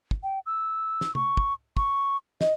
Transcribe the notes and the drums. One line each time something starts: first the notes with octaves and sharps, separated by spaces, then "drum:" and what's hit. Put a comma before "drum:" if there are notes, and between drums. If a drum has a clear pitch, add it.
drum: kick
G5
E6
drum: snare
C#6, drum: tom
drum: kick
C#6, drum: kick
D#5, drum: snare